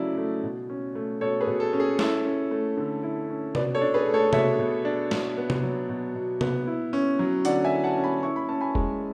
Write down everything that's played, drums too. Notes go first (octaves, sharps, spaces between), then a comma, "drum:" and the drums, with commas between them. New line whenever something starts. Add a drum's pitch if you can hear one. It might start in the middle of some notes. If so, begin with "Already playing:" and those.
Already playing: C#3 F#3 A3 E4 D5
A3
B2
C#4
A3
B2 A4 C#5
G#4 B4
B2
A4
C#4
G#4
E4 A4, drum: snare
C#4
A3
D3
E4
C#4
B2 B4 D5, drum: tom C3
A4 C#5
D4
G#4 B4
A3
A4 C#5
B2 C#5 E5, drum: tom C3
B2
D4
B2, drum: snare
B3
drum: tom C3
F#3
B2
B2
B3, drum: tom C3
E4
C#4
F#3
D3 D5 F#5, drum: hi-hat
E5 G#5
E4
F#5 A5
C#4
G#5 B5
E4 C#6
B5
C#4 A5
G#5 B5
G#3, drum: kick